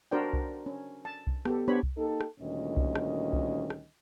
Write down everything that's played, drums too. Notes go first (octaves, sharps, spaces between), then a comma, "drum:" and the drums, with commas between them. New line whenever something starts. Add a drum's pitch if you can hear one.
D4 F#4 A#4 C5 D5 G5
drum: kick C2
C#4
A5
drum: kick C2
B3 G4 A4, drum: rim click
B3 D4 G4 C5 C#5 B5
drum: kick C2
A#3 D#4 G4 A4
drum: rim click
D2 A#2 D#3 G3 C#4 D#5
drum: kick C2
drum: rim click
drum: kick C2
drum: rim click